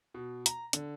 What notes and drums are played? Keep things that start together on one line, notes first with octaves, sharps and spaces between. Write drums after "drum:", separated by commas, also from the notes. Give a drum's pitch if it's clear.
B2
A#5, drum: hi-hat
D3, drum: hi-hat